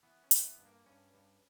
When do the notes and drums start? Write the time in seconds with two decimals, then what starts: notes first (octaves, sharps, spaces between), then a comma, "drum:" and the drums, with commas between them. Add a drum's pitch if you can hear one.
0.03 E3 B3
0.24 C#4
0.31 E3, drum: hi-hat
0.45 B3
0.58 G2
0.65 A#3
0.86 G2 C#4
1.14 G2